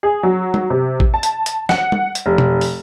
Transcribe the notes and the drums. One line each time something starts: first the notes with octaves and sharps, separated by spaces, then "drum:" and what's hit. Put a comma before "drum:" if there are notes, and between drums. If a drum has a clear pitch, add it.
G#4
F#3
drum: tom G3
C3
drum: kick A1
A5
drum: hi-hat
drum: hi-hat
F#5, drum: snare
drum: tom G3
drum: hi-hat
F1
drum: tom B2
drum: open hi-hat